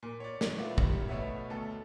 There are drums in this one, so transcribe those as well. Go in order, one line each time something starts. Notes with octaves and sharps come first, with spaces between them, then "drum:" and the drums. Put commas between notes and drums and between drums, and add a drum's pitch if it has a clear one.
A#2
C#5 D5
drum: snare
A3 B3 F4
G#1 G3, drum: kick
B2 A3 B3 C#5 E5
D2 A4